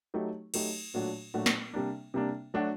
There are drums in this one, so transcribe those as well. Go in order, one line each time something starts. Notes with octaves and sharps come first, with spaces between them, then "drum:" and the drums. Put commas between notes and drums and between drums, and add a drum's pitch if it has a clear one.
F#3 A3 D#4 G4
F#3 A3 D#4 G4, drum: cymbal
A#2 F#3 A3 D4 F#4
A#2 F#3 A3 D4 F#4
drum: snare
C3 G3 A#3 D4
C3 G3 A#3 D4
F#3 A3 D4 F#4